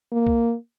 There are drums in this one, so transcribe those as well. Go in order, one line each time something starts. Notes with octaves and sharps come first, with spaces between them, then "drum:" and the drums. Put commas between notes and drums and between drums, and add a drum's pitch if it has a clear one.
A#3
drum: kick C2